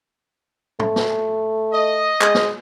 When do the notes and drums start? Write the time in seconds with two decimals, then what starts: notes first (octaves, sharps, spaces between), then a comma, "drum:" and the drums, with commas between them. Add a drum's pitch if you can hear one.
0.80 A3, drum: tom
0.96 drum: snare
1.73 D#5
2.21 G#3, drum: clap
2.35 drum: snare